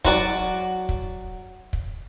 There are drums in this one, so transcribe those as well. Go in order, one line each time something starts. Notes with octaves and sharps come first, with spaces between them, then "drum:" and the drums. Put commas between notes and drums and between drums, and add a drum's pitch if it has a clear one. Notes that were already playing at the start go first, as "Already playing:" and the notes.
F#3 F#4 D5, drum: kick
drum: kick
drum: kick